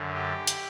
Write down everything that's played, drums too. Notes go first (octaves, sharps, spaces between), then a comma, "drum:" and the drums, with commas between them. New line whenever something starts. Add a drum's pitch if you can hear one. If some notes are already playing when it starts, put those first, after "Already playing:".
Already playing: F#2 D3
G4
drum: hi-hat